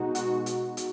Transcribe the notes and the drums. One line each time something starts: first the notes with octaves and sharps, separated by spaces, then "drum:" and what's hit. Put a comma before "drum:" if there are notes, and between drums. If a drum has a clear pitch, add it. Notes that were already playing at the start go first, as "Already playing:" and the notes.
Already playing: B2 G#3 D#4 F#4
B2 G#3 D#4 F#4, drum: hi-hat
drum: hi-hat
drum: hi-hat